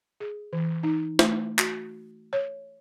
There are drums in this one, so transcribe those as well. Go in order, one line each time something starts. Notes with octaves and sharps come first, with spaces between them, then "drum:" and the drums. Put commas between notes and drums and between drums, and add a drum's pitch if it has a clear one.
G#4
E3
D#4
A3, drum: snare
F#4, drum: clap
C#5